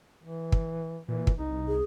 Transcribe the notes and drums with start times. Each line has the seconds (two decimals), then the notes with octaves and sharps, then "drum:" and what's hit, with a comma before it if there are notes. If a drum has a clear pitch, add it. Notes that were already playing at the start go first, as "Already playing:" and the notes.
0.24 E3
0.52 drum: kick
1.08 A#2 E3
1.27 drum: kick
1.38 C2 D#4
1.67 G#4